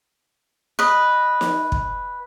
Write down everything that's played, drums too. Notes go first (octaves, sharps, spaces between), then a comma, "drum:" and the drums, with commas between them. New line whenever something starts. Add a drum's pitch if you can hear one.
B4 D#5
drum: snare
drum: kick